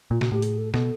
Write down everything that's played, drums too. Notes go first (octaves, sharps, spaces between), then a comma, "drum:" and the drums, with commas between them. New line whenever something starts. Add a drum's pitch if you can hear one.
A#2 F4
A#2 F#4, drum: snare
A2 G4
G#4, drum: open hi-hat
A4
B2 A4, drum: snare